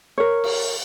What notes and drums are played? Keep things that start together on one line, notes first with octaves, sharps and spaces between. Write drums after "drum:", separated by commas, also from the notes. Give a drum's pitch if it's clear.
A#4 C#5
drum: cymbal